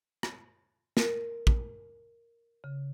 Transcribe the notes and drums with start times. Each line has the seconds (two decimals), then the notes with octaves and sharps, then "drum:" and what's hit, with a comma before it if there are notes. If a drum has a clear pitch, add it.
0.23 drum: rim click
0.97 A#4, drum: snare
1.47 drum: kick
2.64 C#3